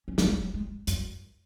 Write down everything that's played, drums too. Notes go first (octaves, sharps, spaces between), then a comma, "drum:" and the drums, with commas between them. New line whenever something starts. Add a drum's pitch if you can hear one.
C#4
B3, drum: snare
G#3
F#3
G#3
F#2, drum: hi-hat